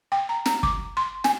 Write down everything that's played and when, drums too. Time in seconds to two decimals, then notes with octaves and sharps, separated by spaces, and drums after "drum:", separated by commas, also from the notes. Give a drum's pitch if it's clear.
0.12 G5
0.29 A#5
0.46 A#5, drum: snare
0.63 D6, drum: kick
0.97 C6
1.24 G#5, drum: snare